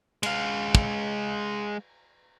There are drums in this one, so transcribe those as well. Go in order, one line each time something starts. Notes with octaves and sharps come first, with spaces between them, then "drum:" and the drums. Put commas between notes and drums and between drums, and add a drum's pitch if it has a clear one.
G#3 F5, drum: cymbal
drum: kick